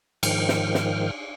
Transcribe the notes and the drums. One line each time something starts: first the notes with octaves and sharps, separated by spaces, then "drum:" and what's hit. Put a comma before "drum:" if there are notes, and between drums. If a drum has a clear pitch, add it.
G#2 D#3 F3 G5 F6, drum: cymbal
drum: snare
drum: snare